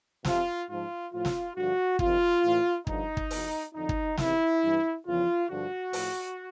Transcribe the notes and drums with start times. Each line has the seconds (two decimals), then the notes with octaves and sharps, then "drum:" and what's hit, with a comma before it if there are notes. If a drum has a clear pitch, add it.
0.25 F2 C3 F3 F4, drum: snare
0.68 G#2 F3 F4
1.12 A2 F3 F4
1.25 drum: snare
1.55 G2 D3 F3 F#4
1.99 F2 C3 D#3 F4, drum: kick
2.43 A2 E3
2.87 G2 D3 F3 D#4, drum: kick
3.17 drum: kick
3.31 E2 B2, drum: open hi-hat
3.74 F2 D3 F3 D#4
3.89 drum: kick
4.17 E2 C3 D#3 E4, drum: snare
4.62 G2 E3
5.06 E2 C#3 F3 F4
5.49 G2 D3 F3 F#4
5.93 A2 F3, drum: open hi-hat